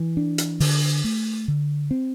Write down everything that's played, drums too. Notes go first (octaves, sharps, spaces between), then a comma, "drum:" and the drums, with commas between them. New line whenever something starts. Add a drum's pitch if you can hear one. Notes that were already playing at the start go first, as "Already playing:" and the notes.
Already playing: E3
D4
drum: hi-hat
D3, drum: open hi-hat
A3
D3
C4